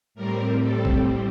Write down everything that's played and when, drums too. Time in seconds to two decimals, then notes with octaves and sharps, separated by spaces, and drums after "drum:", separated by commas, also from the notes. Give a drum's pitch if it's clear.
0.15 A2 G3 C4 A#4
0.61 A4
0.85 drum: kick